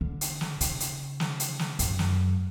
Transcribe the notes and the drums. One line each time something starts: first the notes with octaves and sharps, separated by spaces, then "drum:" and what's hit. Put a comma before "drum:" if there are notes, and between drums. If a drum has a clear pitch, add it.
D3
drum: hi-hat
drum: snare
C#3, drum: hi-hat
drum: hi-hat
drum: snare
drum: hi-hat
drum: snare
F#2, drum: hi-hat
drum: snare